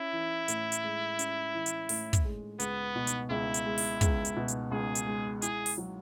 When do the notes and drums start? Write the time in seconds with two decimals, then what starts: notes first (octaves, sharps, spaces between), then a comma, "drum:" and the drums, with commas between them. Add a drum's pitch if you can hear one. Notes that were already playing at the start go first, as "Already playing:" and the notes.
Already playing: C#4 E4
0.13 E3
0.48 A2, drum: hi-hat
0.72 drum: hi-hat
0.84 G#3
1.19 C#4, drum: hi-hat
1.54 E3
1.66 drum: hi-hat
1.89 A2, drum: open hi-hat
2.13 drum: kick, hi-hat
2.24 G#3
2.60 C#2 B3, drum: hi-hat
2.96 B2
3.07 drum: hi-hat
3.30 C#2 E4
3.54 drum: hi-hat
3.66 G#3
3.78 drum: open hi-hat
4.01 C#2, drum: kick, hi-hat
4.25 drum: hi-hat
4.37 B2
4.48 drum: hi-hat
4.71 C#2 G#4
4.95 drum: hi-hat
5.07 G#3
5.42 E4 G#4, drum: hi-hat
5.66 drum: open hi-hat
5.78 F#3